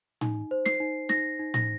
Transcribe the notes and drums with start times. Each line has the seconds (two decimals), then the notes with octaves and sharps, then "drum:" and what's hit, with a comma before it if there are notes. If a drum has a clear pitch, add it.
0.21 D#4, drum: tom A2
0.51 C5
0.65 C7, drum: snare
0.80 D#4
1.09 D#4 A#6, drum: snare
1.39 D#4
1.54 A#6, drum: tom A2